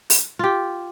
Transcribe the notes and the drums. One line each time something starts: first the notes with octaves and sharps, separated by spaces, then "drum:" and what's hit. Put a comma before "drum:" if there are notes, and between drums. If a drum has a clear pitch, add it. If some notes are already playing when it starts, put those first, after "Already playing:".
drum: open hi-hat
F4 G4